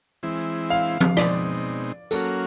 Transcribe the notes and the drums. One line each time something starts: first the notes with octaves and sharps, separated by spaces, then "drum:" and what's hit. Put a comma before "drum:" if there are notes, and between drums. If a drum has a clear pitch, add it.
E3 G#3 C4 E4
F5
drum: tom F3
B2 G#3 C4 D#4 D5, drum: rim click
F#3 A#3 C#4 F#4 A4, drum: tambourine